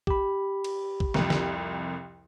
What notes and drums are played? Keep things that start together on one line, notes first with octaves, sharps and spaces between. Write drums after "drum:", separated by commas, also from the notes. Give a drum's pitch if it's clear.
G4 B5, drum: kick
drum: cymbal
drum: kick
C2 F2, drum: snare
drum: snare